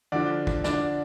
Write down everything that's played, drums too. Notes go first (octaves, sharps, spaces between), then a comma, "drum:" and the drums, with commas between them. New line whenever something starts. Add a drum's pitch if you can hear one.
D3 F3 D4
drum: kick
D4, drum: snare